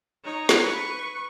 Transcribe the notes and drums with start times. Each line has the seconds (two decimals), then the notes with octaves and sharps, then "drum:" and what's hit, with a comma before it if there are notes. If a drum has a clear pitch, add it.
0.24 D#4 C#5
0.49 drum: snare
0.61 B4 C#6